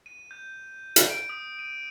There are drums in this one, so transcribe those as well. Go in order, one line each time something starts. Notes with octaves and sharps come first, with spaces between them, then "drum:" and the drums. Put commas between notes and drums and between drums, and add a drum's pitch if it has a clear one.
D#7
G6
drum: hi-hat
D7
D#6
D#7